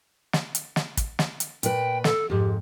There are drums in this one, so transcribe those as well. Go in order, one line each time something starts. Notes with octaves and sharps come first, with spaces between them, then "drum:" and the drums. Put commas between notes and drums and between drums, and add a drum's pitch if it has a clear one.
drum: snare
drum: hi-hat
drum: snare
drum: kick, hi-hat
drum: snare
drum: hi-hat
A#2 B4 G5, drum: hi-hat
A4, drum: snare
F2 G#2 G4